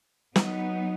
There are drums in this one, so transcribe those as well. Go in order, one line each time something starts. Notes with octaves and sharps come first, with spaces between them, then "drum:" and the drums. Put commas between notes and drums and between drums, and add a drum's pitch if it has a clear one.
F#3 B3 D#4, drum: snare